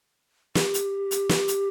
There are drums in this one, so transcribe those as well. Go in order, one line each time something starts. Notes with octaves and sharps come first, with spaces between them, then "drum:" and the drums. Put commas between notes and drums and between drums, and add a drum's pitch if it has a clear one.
G4, drum: snare
drum: hi-hat
drum: hi-hat
drum: snare
drum: hi-hat